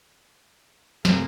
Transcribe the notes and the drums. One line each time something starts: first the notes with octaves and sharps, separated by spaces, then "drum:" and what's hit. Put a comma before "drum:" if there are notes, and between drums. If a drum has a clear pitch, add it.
F#2 C3 G3 A3 G#4 A#4 F5, drum: snare